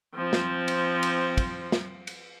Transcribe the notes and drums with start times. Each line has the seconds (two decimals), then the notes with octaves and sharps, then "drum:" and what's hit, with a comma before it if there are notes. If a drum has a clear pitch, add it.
0.15 F3 C4
0.33 drum: snare
0.68 drum: cymbal
1.03 drum: cymbal
1.37 drum: kick, cymbal
1.72 drum: snare
2.07 drum: cymbal